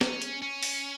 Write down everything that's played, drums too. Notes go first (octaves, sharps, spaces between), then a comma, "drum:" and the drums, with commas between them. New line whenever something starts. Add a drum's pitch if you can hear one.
C#4, drum: snare
drum: hi-hat
C#4
drum: open hi-hat